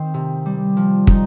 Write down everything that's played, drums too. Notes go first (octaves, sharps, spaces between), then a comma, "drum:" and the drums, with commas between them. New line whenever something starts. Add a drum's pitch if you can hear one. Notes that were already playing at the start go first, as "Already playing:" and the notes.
Already playing: D#3 C4
C3
G3
F3
D#4, drum: kick